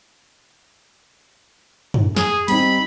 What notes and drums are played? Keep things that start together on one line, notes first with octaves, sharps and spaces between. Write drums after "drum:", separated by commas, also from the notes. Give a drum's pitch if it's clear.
drum: tom
G#4, drum: snare
G3 C4 D#4 B5, drum: cymbal